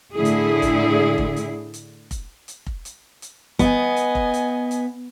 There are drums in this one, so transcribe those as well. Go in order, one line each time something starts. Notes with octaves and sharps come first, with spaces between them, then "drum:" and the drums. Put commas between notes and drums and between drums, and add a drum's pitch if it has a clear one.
A2 D3 E4 G#4
drum: hi-hat
drum: kick F1, hi-hat
drum: kick F1
drum: hi-hat
drum: hi-hat
drum: kick F1, hi-hat
drum: hi-hat
drum: kick F1
drum: hi-hat
drum: hi-hat
B3 D#5 G#5, drum: kick F1, hi-hat
drum: hi-hat
drum: kick F1
drum: hi-hat
drum: hi-hat